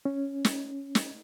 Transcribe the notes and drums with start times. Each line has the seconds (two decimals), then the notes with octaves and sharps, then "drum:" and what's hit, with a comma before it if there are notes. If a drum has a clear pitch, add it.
0.05 C#4
0.45 drum: snare
0.95 drum: snare